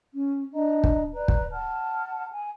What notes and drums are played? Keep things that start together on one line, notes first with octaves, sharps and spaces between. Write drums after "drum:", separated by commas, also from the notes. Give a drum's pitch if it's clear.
C#4
D4 D#5 A#5
drum: kick
B4 D5 A#5 F#6
drum: kick
F#5 A5 F6
G#5